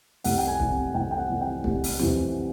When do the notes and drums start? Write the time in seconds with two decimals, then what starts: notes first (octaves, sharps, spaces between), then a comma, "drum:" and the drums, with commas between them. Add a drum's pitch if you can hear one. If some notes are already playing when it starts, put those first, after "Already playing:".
0.24 C2 F#5, drum: open hi-hat
0.38 G5
0.47 G#5
0.60 C3 E3, drum: kick
0.94 C2 G5
1.11 G5
1.18 F#5
1.30 C3 E3
1.41 G5
1.64 C2, drum: kick
1.84 drum: open hi-hat
1.99 C3 E3, drum: tom D#2